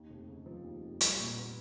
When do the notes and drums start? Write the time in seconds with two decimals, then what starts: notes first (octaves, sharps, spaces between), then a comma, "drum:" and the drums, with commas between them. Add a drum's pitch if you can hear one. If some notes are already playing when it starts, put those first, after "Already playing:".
Already playing: D#2
0.10 F1
0.28 C#3
0.46 F3
0.64 D#2
0.82 F1
1.01 G3, drum: hi-hat
1.18 A#2
1.36 B3